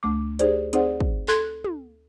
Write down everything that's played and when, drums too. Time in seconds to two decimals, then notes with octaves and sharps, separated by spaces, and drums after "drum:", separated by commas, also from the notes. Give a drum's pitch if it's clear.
0.03 D2 A3 D6
0.39 D#4 G4 G#4 C5 D5, drum: hi-hat
0.73 C4 D#4 G#4 C5 D5 F#5, drum: hi-hat
1.00 drum: kick
1.28 A4 C6 F#6 G#6, drum: clap
1.64 drum: tom